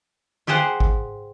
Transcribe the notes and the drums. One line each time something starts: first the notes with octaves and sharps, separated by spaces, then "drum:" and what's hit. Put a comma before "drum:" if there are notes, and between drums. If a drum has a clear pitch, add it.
F4 G4 G#4 C5 F#5
drum: kick